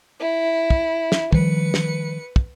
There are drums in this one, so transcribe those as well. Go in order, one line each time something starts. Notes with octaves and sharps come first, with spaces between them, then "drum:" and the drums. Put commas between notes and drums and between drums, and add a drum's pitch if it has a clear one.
E4
drum: kick
drum: snare
D#3 F3 G3 B4 C#7, drum: kick
drum: snare
drum: kick